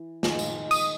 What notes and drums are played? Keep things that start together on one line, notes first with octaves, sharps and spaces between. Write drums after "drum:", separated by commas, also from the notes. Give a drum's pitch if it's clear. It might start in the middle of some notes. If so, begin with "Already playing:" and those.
Already playing: E3
D#3 G#3 D#4, drum: snare
drum: tambourine
D#6, drum: tambourine